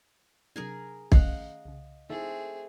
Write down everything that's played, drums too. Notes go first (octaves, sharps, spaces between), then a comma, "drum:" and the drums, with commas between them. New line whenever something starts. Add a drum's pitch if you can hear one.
C3 F#3 D4 G#4 A#4 G#5
D#3 A3 C#4 D#5 F5 F#5, drum: kick
C2 C#3
A3 C4 D#4 E4 G#4